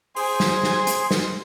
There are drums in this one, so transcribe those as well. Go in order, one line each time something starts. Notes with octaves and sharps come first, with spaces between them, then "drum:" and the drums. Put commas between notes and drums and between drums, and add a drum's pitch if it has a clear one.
G#4 C5 G#5 C6, drum: open hi-hat
drum: snare
drum: snare
drum: hi-hat
drum: snare